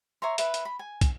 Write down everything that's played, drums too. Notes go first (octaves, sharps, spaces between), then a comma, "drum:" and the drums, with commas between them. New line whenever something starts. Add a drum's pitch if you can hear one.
C#5 E5 A#5 C6
B4 E5, drum: hi-hat
drum: hi-hat
B5
G#5
drum: kick, hi-hat